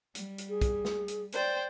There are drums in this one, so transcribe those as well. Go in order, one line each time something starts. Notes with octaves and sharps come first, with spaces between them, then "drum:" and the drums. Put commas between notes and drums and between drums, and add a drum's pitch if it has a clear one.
G3, drum: hi-hat
drum: hi-hat
G#4
drum: kick, hi-hat
drum: snare
drum: hi-hat
C5 D5 G5, drum: hi-hat